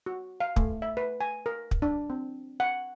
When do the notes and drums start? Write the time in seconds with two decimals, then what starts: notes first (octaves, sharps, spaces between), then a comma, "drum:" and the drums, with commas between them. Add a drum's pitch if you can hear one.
0.06 F#4
0.40 F5
0.56 A3, drum: kick
0.82 E5
0.97 B4
1.21 G#5
1.46 A#4
1.71 drum: kick
1.82 D4
2.10 C4
2.60 F#5